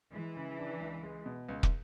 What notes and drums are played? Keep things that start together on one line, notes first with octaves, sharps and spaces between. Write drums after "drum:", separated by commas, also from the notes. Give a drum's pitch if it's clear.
E3 G#3
C#3
D4
C#2
G#3
B2
C#2
drum: kick